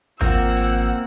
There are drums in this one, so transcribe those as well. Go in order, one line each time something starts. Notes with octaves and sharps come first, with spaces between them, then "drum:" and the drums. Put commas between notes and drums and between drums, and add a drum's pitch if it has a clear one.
G#1 F3 A#3 C4 F#5 E6, drum: kick, hi-hat
drum: hi-hat